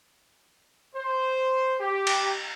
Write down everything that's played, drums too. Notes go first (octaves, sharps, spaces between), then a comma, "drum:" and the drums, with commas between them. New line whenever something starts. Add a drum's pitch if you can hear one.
C5
G4
drum: cymbal